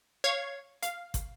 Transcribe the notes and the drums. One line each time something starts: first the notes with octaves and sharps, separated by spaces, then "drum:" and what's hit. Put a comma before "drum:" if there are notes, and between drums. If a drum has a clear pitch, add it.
C#5 F5 C#6 G#6
F5, drum: hi-hat
drum: kick, hi-hat